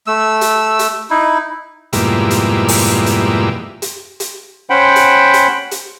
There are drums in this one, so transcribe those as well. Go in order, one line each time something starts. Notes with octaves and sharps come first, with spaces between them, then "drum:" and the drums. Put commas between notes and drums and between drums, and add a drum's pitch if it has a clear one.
A3 E6
drum: hi-hat
drum: hi-hat
D#4 E4
F2 G#2 B2 G3 A#3 E4, drum: hi-hat
drum: hi-hat
drum: open hi-hat
drum: hi-hat
drum: hi-hat
drum: hi-hat
C#4 C5 F#5 G5 B5
drum: hi-hat
drum: hi-hat
drum: hi-hat